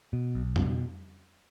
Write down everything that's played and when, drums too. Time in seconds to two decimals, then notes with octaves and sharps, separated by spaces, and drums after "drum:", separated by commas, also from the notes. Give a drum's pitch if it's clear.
0.13 B2
0.35 B1
0.56 B2, drum: tom F2